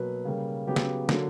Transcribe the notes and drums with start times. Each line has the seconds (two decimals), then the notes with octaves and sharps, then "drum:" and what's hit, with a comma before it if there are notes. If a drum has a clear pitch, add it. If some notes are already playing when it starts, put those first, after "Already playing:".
Already playing: B2 F#3 A#3 B4
0.25 C#3 G3 A#3
0.67 C#3 F#3 B3 G4
0.76 drum: snare
1.09 D3 F#3 A#3, drum: snare